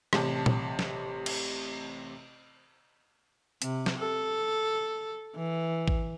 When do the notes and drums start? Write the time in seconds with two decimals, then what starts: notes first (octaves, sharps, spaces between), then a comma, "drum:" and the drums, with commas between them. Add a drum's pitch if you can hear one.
0.13 A1 C3 A5, drum: rim click
0.46 drum: tom A#2
0.79 drum: snare
1.26 drum: cymbal
3.62 C3, drum: hi-hat
3.86 drum: snare
3.98 A4
5.36 E3
5.88 drum: kick G#1